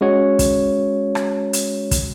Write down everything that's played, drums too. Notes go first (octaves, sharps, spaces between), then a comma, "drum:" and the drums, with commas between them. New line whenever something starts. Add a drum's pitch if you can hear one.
G#3 C#4 F#4 C#5
drum: kick, hi-hat
drum: rim click
drum: hi-hat
drum: kick, hi-hat